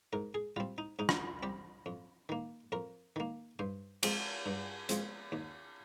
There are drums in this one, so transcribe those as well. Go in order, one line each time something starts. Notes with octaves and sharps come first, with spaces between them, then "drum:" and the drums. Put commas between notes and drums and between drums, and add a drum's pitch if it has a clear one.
G#2 A#4
G#4
G3 C4 F4
D#4
G#2 D#4
drum: rim click
G3 C4 G4
F2
D#3 A#3
F2 A#4
D#3 A#3
G2 C5
F3 G#3 C4, drum: cymbal
G2
F3 G#3 C4, drum: hi-hat
D#2